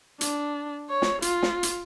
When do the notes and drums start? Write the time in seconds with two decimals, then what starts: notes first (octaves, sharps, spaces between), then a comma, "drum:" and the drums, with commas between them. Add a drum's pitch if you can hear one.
0.21 D4, drum: hi-hat
0.90 C#5
1.02 drum: snare
1.22 F4, drum: hi-hat
1.43 drum: snare
1.63 drum: hi-hat